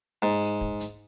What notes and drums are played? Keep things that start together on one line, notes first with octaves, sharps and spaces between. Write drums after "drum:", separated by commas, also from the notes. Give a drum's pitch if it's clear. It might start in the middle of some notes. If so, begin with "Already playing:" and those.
G#2
drum: open hi-hat
drum: kick
drum: hi-hat